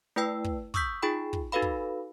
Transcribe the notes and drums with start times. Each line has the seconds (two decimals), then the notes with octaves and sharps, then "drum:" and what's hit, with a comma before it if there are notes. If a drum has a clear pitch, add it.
0.16 A3 E4 B4 G5 E6
0.44 drum: kick
0.74 C#6 D#6 E6 G6 B6, drum: kick
1.03 D#4 F4 G#4 G5 B5
1.33 drum: kick
1.52 D#4 F#4 A4 B4 F5 B5
1.62 drum: kick